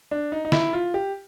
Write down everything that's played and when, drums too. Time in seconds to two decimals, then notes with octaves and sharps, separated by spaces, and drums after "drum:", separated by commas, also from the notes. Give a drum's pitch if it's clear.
0.11 D4
0.32 D#4
0.45 D#4
0.52 E4, drum: snare
0.73 F4
0.94 G4